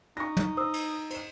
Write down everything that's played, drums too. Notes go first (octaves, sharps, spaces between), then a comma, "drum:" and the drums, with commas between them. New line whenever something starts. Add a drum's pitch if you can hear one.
D#4 C#6 A#6
drum: tom
C5 D#6 E6
drum: cymbal
C5 E7, drum: cymbal